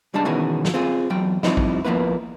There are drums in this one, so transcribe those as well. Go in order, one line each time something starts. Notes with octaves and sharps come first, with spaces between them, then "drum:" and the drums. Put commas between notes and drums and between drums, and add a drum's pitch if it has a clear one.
C2 G3 G#3 D4 A5
B2 D#3 E3 C#4 F#4 G#4
drum: snare
C4 F4 G#4
E2 F#3 G5
F3 G3 C4 D#4 E4, drum: snare
drum: kick
F3 A#3 B3 E4 B4